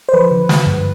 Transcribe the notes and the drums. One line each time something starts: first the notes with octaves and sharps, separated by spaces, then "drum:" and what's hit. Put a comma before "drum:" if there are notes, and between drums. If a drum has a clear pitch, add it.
C5
F3 B4
D3
G#3, drum: snare
G2